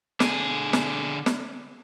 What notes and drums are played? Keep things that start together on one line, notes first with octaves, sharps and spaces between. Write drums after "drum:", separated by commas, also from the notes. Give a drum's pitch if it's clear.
D3 G#4, drum: snare
drum: snare
drum: snare